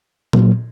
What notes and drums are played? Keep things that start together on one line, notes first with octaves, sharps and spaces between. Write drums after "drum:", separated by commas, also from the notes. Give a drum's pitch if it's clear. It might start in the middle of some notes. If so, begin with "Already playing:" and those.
A#2 F#3 A#3, drum: tom A#2